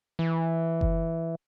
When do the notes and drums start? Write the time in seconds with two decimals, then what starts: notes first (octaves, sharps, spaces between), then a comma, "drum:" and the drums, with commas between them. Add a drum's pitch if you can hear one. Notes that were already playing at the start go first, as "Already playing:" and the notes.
0.19 E3
0.81 drum: kick F#1